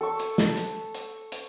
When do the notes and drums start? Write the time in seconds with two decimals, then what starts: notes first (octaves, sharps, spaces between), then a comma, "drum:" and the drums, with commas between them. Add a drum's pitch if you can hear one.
0.01 A4 C#6
0.19 drum: hi-hat
0.38 drum: snare
0.57 drum: hi-hat
0.94 drum: hi-hat
1.32 drum: hi-hat